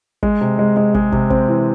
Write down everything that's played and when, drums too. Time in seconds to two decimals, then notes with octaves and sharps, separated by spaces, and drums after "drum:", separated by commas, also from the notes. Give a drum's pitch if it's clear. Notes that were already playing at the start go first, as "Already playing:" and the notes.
0.23 G#3, drum: kick
0.41 C3
0.59 G#3
0.77 G#3
0.95 G#3, drum: kick
1.12 C3, drum: kick
1.30 C4, drum: kick
1.48 E3